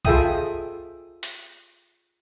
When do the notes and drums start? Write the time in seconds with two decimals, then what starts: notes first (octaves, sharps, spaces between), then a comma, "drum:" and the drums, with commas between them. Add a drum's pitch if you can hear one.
0.05 F4 G#4 A4 E5 G5 D#6, drum: kick
1.23 drum: hi-hat